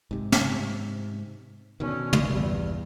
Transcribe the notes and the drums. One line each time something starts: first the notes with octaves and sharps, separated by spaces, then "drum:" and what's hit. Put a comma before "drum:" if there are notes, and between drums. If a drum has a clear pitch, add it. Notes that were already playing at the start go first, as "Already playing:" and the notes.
G#2 C3
drum: snare
B2 D3 D#3 C#4
drum: tom
A#1 E2 G2 G3